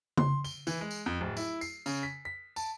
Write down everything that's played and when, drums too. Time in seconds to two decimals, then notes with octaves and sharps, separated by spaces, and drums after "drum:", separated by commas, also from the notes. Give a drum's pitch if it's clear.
0.17 C6, drum: tom C#3
0.44 G7, drum: tambourine
0.67 E3, drum: tambourine
0.81 G#3
0.91 drum: tambourine
1.06 F2
1.21 D1
1.37 E4, drum: tambourine
1.61 C7, drum: tambourine
1.86 C#3, drum: tambourine
2.03 B6
2.25 B6
2.56 A5, drum: tambourine